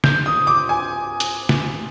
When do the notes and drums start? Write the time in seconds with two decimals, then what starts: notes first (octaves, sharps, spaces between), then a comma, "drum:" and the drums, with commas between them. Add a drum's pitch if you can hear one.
0.04 G6, drum: snare
0.26 D#6
0.47 D6
0.69 G#5
1.20 drum: hi-hat
1.49 drum: snare